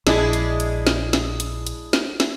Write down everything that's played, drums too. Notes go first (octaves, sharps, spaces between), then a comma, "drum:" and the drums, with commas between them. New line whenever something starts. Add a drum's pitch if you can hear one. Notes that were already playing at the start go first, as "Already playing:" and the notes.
A#1 G#3 D4 E4, drum: snare
drum: hi-hat
drum: hi-hat
drum: snare
drum: snare
drum: hi-hat
drum: hi-hat
drum: snare
drum: snare